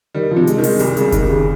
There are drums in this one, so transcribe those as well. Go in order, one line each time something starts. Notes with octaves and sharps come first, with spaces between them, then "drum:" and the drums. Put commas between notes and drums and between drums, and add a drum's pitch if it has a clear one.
D#3 G3
F3
C3
G#3, drum: hi-hat
D#3
G#3, drum: open hi-hat
C2 G3, drum: hi-hat
C#3 G3, drum: hi-hat
D#3, drum: kick F#1, hi-hat
C3
C#3